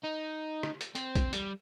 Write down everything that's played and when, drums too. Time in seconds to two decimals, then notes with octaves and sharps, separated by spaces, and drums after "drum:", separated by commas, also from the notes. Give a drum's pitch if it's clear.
0.04 D#4
0.63 drum: rim click
0.81 drum: hi-hat
0.95 C4, drum: hi-hat
1.15 drum: kick, hi-hat
1.33 G3, drum: hi-hat